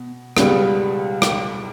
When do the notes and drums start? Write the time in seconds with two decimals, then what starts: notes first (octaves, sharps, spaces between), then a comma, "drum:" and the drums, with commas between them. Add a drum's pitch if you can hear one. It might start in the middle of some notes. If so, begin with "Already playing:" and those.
Already playing: B2
0.37 C#2 B2 G3 B3, drum: rim click
1.22 drum: rim click